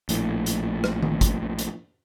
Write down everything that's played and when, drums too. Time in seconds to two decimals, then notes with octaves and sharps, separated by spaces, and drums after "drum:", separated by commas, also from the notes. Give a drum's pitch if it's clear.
0.09 A#1 A2, drum: hi-hat
0.46 drum: hi-hat
0.84 drum: rim click
1.02 drum: tom D#3
1.21 drum: kick, hi-hat
1.59 drum: hi-hat